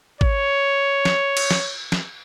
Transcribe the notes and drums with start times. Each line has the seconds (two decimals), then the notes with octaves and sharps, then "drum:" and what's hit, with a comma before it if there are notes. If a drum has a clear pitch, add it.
0.21 C#5, drum: kick
1.05 drum: snare
1.37 drum: cymbal
1.51 drum: snare
1.92 drum: snare